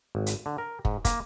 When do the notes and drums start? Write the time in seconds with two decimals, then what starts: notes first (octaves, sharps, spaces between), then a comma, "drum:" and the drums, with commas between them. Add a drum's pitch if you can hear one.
0.15 G#1
0.26 drum: hi-hat
0.46 D3
0.58 A#4
0.85 G#2, drum: kick
1.05 A#3, drum: kick, hi-hat